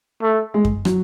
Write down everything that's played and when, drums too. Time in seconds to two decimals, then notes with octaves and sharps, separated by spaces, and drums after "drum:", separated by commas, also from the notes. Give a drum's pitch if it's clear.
0.22 A3
0.54 G#3
0.65 drum: kick F#2
0.85 F#3, drum: rim click